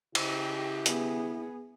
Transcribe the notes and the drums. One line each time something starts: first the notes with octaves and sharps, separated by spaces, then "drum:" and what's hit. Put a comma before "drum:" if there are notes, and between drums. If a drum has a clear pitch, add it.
C#3 E4 G4, drum: cymbal
B3 G#4, drum: hi-hat